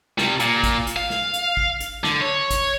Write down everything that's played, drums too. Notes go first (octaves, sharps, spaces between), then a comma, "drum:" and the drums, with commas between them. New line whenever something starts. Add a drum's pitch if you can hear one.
C3 G3, drum: snare
A#2, drum: hi-hat
drum: kick, hi-hat
drum: hi-hat
F5
drum: snare
drum: hi-hat
drum: kick
drum: hi-hat
D3, drum: snare
C#5
drum: kick, hi-hat